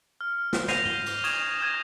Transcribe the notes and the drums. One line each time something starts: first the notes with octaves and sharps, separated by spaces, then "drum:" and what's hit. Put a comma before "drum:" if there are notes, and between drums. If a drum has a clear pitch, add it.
F6
drum: snare
G6 A#6 C7 D#7 F7, drum: snare
G7, drum: tom
drum: cymbal
C#6 D#6 G#6 E7, drum: cymbal
D#6 G6 G#6 A#6 D#7